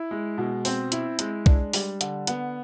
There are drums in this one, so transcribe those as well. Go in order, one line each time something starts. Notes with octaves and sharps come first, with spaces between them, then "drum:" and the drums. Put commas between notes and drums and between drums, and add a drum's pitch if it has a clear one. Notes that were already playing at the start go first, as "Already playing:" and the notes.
Already playing: E4
G#3
B2
C4, drum: open hi-hat
E4, drum: hi-hat
G#3, drum: hi-hat
D4, drum: kick
G3, drum: open hi-hat
D3, drum: hi-hat
B3, drum: hi-hat